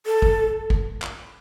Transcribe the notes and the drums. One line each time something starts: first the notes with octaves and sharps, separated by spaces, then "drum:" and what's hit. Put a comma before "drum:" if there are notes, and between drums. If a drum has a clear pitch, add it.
A4
drum: kick
drum: kick
drum: clap